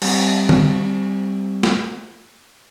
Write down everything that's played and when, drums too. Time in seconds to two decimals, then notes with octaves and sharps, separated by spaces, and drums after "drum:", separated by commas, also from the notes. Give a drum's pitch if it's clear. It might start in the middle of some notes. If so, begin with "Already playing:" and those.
0.02 G3 C4, drum: cymbal
0.49 drum: tom D3
1.63 drum: snare